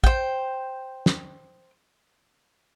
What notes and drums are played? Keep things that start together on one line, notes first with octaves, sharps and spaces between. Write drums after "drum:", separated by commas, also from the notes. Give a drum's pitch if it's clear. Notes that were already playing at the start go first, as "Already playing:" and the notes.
C5 G5, drum: kick
drum: snare